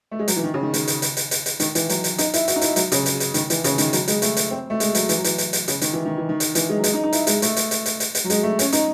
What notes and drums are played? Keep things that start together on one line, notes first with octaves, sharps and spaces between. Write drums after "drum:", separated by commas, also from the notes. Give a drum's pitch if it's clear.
A3
G#3
F#3, drum: hi-hat
E3
D#3
C#3
D#3
D#3, drum: hi-hat
drum: hi-hat
drum: hi-hat
drum: hi-hat
drum: hi-hat
drum: hi-hat
D#3, drum: hi-hat
E3, drum: hi-hat
F#3, drum: hi-hat
drum: hi-hat
D#4, drum: hi-hat
E4, drum: hi-hat
F#4, drum: hi-hat
D#4
E4, drum: hi-hat
F#3, drum: hi-hat
C#3, drum: hi-hat
drum: hi-hat
drum: hi-hat
D#3, drum: hi-hat
E3, drum: hi-hat
C#3, drum: hi-hat
D#3, drum: hi-hat
F#3, drum: hi-hat
G#3, drum: hi-hat
A3, drum: hi-hat
drum: hi-hat
C4
A3
G#3, drum: hi-hat
F#3, drum: hi-hat
E3, drum: hi-hat
F#3
E3, drum: hi-hat
drum: hi-hat
drum: hi-hat
C#3, drum: hi-hat
D#3, drum: hi-hat
E3
D#3
E3
D#3
drum: hi-hat
E3, drum: hi-hat
G#3
F#3
G#3, drum: hi-hat
D#4
D#4
E4, drum: hi-hat
G#3, drum: hi-hat
A3, drum: hi-hat
drum: hi-hat
drum: hi-hat
drum: hi-hat
drum: hi-hat
drum: hi-hat
F#3
G#3, drum: hi-hat
A3
C#4, drum: hi-hat
D#4, drum: hi-hat